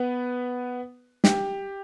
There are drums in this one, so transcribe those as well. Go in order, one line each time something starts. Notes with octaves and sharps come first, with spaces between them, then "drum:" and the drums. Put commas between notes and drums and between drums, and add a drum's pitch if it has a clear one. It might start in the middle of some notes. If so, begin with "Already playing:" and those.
Already playing: B3 B4
G4, drum: snare